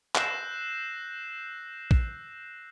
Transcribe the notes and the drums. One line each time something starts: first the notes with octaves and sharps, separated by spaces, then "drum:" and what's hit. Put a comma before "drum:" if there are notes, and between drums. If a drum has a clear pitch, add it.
E6 F#6 G6 A#6 C7 E7, drum: clap
drum: kick